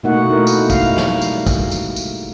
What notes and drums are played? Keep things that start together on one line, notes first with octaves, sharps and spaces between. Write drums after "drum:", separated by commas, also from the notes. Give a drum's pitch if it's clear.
B2 A3 A#3 D#4 F#4 F#5
A3 D#4 E4 A#4
drum: tambourine
G#3 F5, drum: kick, tambourine
G3, drum: snare
drum: tambourine
drum: kick, tambourine
drum: tambourine
drum: tambourine